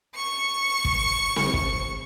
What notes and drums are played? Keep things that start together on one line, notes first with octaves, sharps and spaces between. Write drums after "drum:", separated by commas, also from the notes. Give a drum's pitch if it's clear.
C#6 C#7
drum: kick
drum: snare C4
drum: kick